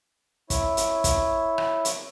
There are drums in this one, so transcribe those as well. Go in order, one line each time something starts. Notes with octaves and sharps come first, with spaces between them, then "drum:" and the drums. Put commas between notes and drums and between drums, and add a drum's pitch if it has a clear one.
E4 C#5, drum: kick, hi-hat
drum: hi-hat
drum: kick, hi-hat
drum: rim click
drum: hi-hat